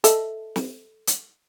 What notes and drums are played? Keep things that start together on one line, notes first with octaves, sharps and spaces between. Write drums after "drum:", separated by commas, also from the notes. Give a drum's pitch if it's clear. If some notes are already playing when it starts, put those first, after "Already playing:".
A4 D#5 E5, drum: hi-hat
drum: snare
drum: hi-hat